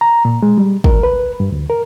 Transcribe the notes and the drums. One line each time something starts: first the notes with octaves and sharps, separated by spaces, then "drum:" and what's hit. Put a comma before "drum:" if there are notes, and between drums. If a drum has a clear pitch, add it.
A#5
A#2
G#3
G3
A#4, drum: kick
B4
G2
D2
A#4